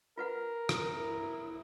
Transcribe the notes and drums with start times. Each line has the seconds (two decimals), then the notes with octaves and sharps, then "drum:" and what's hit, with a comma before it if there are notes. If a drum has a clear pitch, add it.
0.18 F4 A#4 B4 F#5
0.69 drum: rim click
0.93 E4